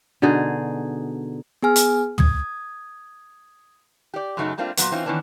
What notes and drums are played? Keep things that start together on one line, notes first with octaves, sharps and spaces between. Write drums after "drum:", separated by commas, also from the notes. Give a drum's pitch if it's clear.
B2 D3 D#4 G#4
B3 G#4 G#5 F6
drum: hi-hat
D#6 G#6, drum: tom
G4 D5
F#2 C#3 F#3 A3 D#4
G3 A3 A#3 C4 D4 F4
A#2 C#3 F#3 B3, drum: hi-hat
E3 C4 C#4 D#4 F4
D#3 E3 B3 C#4 D4